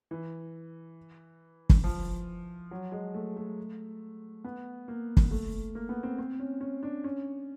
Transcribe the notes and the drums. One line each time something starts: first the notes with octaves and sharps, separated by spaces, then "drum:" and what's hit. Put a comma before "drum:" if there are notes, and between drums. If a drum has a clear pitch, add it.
E3
drum: kick F#1
F3
F#3
G#3
A3
A3
B3
A#3
drum: kick F#1
A3
A#3
B3
C4
C4
C#4
C#4
D4
C#4